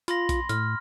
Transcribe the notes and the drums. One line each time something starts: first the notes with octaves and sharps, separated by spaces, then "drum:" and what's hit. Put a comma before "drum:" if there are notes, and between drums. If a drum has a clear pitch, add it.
F4 B5 C6 A#6, drum: hi-hat
drum: kick A#1, hi-hat
A2 F6, drum: hi-hat